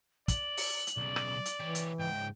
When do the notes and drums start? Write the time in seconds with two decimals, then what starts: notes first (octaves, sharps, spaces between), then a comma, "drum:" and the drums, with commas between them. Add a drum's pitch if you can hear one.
0.28 D5 F#7, drum: kick, hi-hat
0.58 drum: open hi-hat
0.87 drum: hi-hat
0.97 B1 C#3 D5
1.16 drum: rim click
1.45 drum: hi-hat
1.60 E3 G4 C#5
1.75 drum: hi-hat
1.99 C#2 G#2 G5